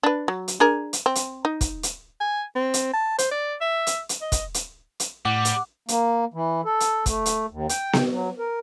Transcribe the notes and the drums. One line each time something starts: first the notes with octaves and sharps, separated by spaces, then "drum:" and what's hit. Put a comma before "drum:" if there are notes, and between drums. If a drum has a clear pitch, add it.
D4 B4
F#3
drum: hi-hat
D4 G#4 A#4
drum: hi-hat
C4
drum: hi-hat
D#4
drum: kick, hi-hat
drum: hi-hat
G#5
C4
drum: hi-hat
A5
C5, drum: hi-hat
D5
E5
drum: hi-hat
drum: hi-hat
D#5
drum: kick, hi-hat
drum: hi-hat
drum: hi-hat
A2 G3 F#5 D6
drum: hi-hat
A#3, drum: hi-hat
E3
A4
drum: hi-hat
A3, drum: kick, hi-hat
drum: hi-hat
D#2
G5, drum: hi-hat
drum: snare B3
F#3
A#4